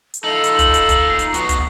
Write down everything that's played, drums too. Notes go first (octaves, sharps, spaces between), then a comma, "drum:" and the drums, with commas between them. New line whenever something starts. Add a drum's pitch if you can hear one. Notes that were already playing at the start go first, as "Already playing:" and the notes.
drum: hi-hat
D#4 F4 A4 F#7
drum: hi-hat
drum: kick, hi-hat
drum: hi-hat
drum: kick, hi-hat
C7
drum: hi-hat
F#3 B3 F#4, drum: hi-hat
drum: kick, hi-hat